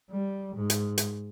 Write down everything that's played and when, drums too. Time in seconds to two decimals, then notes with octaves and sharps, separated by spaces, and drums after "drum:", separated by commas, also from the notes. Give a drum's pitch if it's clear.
0.10 G3
0.56 G#2
0.70 drum: hi-hat
0.98 drum: hi-hat